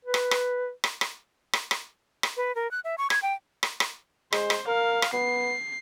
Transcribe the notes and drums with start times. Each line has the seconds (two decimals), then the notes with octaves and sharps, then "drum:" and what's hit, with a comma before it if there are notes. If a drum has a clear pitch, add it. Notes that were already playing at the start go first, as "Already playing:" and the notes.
0.05 B4
0.14 drum: rim click
0.31 drum: rim click
0.84 drum: rim click
1.01 drum: rim click
1.53 drum: rim click
1.71 drum: rim click
2.23 drum: rim click
2.37 B4
2.55 A#4
2.71 F#6
2.84 E5
2.98 C#6
3.10 G#6, drum: rim click
3.22 G5
3.63 drum: rim click
3.80 drum: rim click
4.32 G#3 C5, drum: rim click
4.50 drum: rim click
4.67 A#4 F5
5.02 drum: rim click
5.13 B3 C7